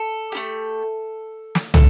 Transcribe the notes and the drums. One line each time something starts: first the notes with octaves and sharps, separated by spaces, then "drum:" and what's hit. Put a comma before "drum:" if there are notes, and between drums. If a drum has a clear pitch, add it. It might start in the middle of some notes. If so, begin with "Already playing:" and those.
Already playing: A4
A3 E4 G4
drum: snare
A4, drum: tom